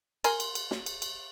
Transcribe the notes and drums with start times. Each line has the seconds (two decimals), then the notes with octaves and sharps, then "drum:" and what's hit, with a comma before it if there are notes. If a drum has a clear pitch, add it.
0.24 A#4 G#5 C6, drum: cymbal
0.40 drum: cymbal
0.55 drum: cymbal
0.71 drum: snare
0.86 drum: cymbal
1.02 drum: cymbal